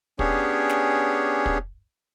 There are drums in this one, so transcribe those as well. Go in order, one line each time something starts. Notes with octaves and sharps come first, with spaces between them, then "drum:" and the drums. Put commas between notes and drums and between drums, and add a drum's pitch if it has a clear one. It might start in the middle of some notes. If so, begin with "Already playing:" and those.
B3 C#4 D4 G4 G#4 C#5, drum: kick
drum: snare
drum: kick